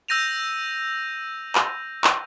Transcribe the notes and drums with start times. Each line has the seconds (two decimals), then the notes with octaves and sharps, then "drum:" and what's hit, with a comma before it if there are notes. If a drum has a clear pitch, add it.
0.08 E6 G6 A#6 D#7 F7
1.55 drum: clap
2.04 drum: clap